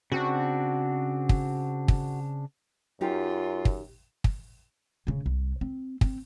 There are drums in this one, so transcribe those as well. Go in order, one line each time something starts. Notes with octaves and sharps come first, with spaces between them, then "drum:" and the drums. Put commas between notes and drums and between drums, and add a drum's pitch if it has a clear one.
C#3 C4 D4 F#4
drum: kick
drum: kick
F#2 D#4 F4 G4
drum: kick
drum: kick
D#1 C#3
C2
C4
C4, drum: kick